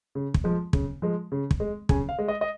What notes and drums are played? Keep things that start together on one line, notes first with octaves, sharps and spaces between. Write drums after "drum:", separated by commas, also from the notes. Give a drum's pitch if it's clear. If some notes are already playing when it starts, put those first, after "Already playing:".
C#3
drum: kick
F3 G#3
C#3, drum: kick
F3 G#3
C#3
drum: kick
G#3
C#3 G#5, drum: kick
F5
G#3
D#5
D#5